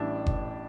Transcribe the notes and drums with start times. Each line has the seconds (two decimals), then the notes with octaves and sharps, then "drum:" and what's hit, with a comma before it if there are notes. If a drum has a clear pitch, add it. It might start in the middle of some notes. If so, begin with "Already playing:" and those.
Already playing: A1 A2 E3 G3 D4 E4
0.26 drum: kick F#1